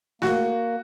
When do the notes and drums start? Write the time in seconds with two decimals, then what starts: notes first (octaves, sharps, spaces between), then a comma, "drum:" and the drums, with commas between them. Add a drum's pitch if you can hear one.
0.22 A#3 F#4, drum: snare A3